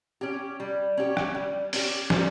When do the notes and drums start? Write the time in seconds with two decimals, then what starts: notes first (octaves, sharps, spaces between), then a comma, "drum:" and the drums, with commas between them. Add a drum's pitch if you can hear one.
0.21 C#4 G4
0.60 G3
0.97 C#4 G4
1.17 drum: rim click
1.35 G3
1.73 C#4 G4, drum: open hi-hat
2.10 G3, drum: snare